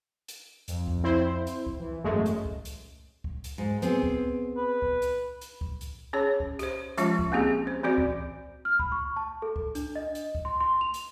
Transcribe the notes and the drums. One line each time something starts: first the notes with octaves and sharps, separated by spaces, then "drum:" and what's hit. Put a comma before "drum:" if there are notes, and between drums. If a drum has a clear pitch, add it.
drum: hi-hat
F2, drum: hi-hat
drum: kick C2
C4 E4 C5
drum: hi-hat
drum: kick C2
E3
G#1 F#2 G#3 A3
drum: hi-hat
drum: kick C2
drum: hi-hat
drum: kick C2
drum: hi-hat
G#2
B3 C4 G#4, drum: hi-hat
drum: kick C2
B4
drum: kick C2
drum: hi-hat
drum: hi-hat
drum: kick C2
drum: hi-hat
C#4 G#4 C#5
drum: kick C2
G4 C5, drum: hi-hat
F3 G#3 C#4 F4, drum: hi-hat
drum: kick C2
A#3 C4 C#4 G4 G#4
C5
E3 C4 F#4 D5
drum: kick C2
F6
B5, drum: kick C2
C#6
A5
A4
drum: kick C2
D4, drum: hi-hat
D#5
drum: hi-hat
drum: kick C2
C6
C6
F7
drum: hi-hat